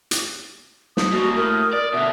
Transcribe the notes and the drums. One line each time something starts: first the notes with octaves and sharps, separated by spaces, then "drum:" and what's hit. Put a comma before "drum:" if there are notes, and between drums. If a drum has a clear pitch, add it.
drum: hi-hat
D#6, drum: snare
G3 A#3 F#4
A2 A#4
D5
B2 D3 E5